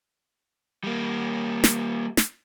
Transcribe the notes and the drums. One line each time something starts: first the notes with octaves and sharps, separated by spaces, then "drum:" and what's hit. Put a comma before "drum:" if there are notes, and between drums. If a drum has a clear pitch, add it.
G3 A#3
drum: snare
drum: snare